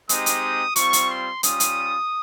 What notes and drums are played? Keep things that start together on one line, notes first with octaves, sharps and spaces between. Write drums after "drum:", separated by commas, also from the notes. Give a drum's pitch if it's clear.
G#3 C4 D#4 G4 D#6, drum: hi-hat
drum: hi-hat
G3 C4 F4 C#6, drum: hi-hat
drum: hi-hat
C6
G3 C#4 F4 D#6, drum: hi-hat
drum: hi-hat